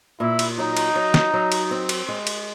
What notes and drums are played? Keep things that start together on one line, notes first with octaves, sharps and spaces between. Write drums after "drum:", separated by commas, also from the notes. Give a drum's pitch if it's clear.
A#2 E4
drum: cymbal
F#3 D#4
drum: cymbal
F#3
drum: snare
F#3
drum: cymbal
C4
drum: cymbal
G#3
drum: cymbal